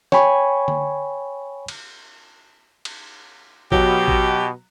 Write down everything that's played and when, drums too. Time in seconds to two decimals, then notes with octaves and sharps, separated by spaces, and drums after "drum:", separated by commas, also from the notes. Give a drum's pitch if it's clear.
0.12 C#5 G5 G#5 B5 C#6, drum: snare
0.68 drum: tom D3
1.68 drum: cymbal
2.85 drum: cymbal
3.72 B2 F#3 G4, drum: kick A1
4.08 drum: kick A1